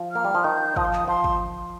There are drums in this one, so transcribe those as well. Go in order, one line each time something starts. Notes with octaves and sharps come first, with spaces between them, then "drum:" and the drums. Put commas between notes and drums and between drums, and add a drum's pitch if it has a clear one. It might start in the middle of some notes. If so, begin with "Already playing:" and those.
Already playing: F3
A#3 F6
G3
F3
D#3 G6
F3 D#6, drum: kick
C6
D#6, drum: clap
F3 C6
drum: kick